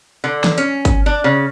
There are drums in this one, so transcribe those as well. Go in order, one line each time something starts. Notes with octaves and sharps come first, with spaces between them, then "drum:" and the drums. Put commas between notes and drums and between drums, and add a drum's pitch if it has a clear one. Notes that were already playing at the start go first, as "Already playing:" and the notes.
D3
drum: snare
C#4, drum: hi-hat
drum: kick, hi-hat
D4
C#3